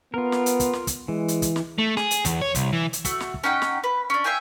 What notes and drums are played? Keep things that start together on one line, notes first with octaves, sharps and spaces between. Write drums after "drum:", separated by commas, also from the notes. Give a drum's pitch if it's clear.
B3 F4 A#4
drum: snare
drum: hi-hat
drum: kick, hi-hat
drum: snare
drum: kick, hi-hat
E3 G#3
drum: hi-hat
drum: kick, hi-hat
drum: snare
A3
G#4, drum: snare
drum: hi-hat
E2, drum: kick, hi-hat
C#5
C2, drum: kick, hi-hat
E3
drum: hi-hat
A3 F#4, drum: kick, hi-hat
drum: snare
drum: kick
C#4 D#4 F#5 G5
drum: snare
B4
C#4 D4
E5 F5 G5 G#5